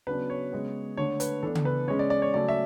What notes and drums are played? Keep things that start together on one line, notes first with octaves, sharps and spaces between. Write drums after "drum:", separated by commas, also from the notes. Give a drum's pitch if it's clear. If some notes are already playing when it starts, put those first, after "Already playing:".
C#3 F#3 B3 D4 B4
C#5
C#3 G#3 B3
D3 A3 D4 C#5
B4, drum: hi-hat
E3 B3 D4 A4
drum: tom C#3
B4
C#3 G#3 C#4 C#5
D5
D5
C#5
C#3 F#3 A3 C#4 D5
E5